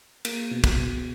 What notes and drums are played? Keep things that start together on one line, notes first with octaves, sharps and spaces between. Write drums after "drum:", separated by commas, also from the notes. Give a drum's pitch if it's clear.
A#3, drum: cymbal
B2
drum: kick, cymbal
B2